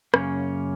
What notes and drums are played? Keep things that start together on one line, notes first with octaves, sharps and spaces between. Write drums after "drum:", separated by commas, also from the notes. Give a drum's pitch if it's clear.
F#2 C#3 A#3 C#4, drum: rim click